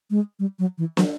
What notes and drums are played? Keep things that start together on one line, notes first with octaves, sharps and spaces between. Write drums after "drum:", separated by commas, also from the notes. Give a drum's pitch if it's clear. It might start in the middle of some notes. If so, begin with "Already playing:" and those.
G#3
G3
F#3
E3
F#3, drum: snare